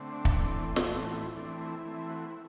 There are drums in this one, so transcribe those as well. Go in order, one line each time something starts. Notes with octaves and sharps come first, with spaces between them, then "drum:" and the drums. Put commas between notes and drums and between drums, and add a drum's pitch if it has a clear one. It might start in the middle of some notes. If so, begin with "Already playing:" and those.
Already playing: D3 A3 C4
D4
drum: kick
E3 A3 C4
drum: snare
A2 E3 A3 C4
F#4
E4
E3 A3 C4 D4
E4
E3 A3 C4
F#4
E4